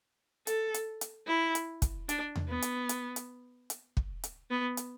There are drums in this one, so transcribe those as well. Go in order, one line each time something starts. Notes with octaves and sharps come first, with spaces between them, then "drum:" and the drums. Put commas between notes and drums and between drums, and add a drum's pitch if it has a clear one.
A4, drum: hi-hat
drum: hi-hat
drum: hi-hat
E4
drum: hi-hat
drum: kick, hi-hat
D4, drum: hi-hat
drum: tom E2
B3
drum: hi-hat
drum: hi-hat
drum: hi-hat
drum: hi-hat
drum: kick
drum: hi-hat
B3
drum: hi-hat